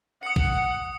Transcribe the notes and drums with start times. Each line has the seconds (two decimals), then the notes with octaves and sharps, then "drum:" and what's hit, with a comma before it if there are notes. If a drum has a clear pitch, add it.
0.23 F#5 D#6 C#7
0.36 drum: kick